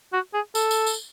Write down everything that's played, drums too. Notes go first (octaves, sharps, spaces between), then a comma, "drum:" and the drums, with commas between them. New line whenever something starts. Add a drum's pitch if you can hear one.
F#4
G#4
A4, drum: tambourine
drum: tambourine
drum: tambourine